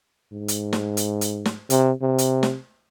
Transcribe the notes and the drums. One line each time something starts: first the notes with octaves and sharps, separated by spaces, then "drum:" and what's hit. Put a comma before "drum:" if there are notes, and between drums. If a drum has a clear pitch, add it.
G#2
drum: hi-hat
drum: snare
drum: hi-hat
drum: hi-hat
drum: snare
C3, drum: hi-hat
C3
drum: hi-hat
drum: snare